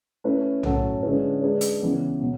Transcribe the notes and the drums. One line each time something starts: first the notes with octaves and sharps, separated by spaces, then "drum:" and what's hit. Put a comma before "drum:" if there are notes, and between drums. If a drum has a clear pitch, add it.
A3 C#4 E4 B4
A2 F#3 C#4 F#4 A4, drum: tom B1
D3 G#3 C#4 E4 B4
G#3 D4 G#4 B4
drum: hi-hat
C#3 E3 B3
B2 F#3